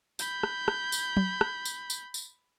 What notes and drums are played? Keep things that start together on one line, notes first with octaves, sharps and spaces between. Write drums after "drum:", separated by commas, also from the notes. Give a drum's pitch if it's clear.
B5 G6, drum: tambourine
drum: rim click
drum: rim click
drum: tambourine
drum: tom
drum: rim click
drum: tambourine
drum: tambourine
drum: tambourine